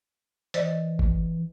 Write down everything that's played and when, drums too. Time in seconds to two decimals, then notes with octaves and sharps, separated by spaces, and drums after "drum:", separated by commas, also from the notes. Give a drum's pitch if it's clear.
0.54 E3 C5 D5 D#5, drum: hi-hat
0.99 drum: kick G1